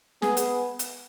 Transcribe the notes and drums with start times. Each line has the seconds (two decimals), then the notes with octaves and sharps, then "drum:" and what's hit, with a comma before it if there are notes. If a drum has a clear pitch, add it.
0.22 B3 G#4, drum: snare
0.37 drum: hi-hat
0.79 drum: hi-hat